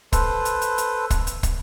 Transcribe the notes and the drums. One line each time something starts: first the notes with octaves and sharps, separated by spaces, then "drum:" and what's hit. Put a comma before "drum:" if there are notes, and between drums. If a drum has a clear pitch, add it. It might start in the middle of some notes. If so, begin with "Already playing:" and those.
A4 B4 C5, drum: kick, hi-hat
drum: hi-hat
drum: hi-hat
drum: hi-hat
drum: kick, hi-hat
drum: hi-hat
drum: kick, hi-hat